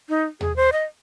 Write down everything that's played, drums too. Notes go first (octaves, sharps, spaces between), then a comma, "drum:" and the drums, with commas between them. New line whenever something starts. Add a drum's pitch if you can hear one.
D#4
G#4, drum: tom D#2
C5
D#5